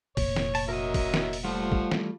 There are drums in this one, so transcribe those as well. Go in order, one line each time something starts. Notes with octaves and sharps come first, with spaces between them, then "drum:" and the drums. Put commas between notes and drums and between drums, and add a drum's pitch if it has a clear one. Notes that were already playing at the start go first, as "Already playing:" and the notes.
F1 A#2 C#5, drum: kick, open hi-hat
drum: snare
A5, drum: open hi-hat
F#3 A#4 D#5 E5
drum: kick, open hi-hat
drum: snare
drum: open hi-hat
F3 G3 A3 F4 F#5
drum: kick
E3, drum: snare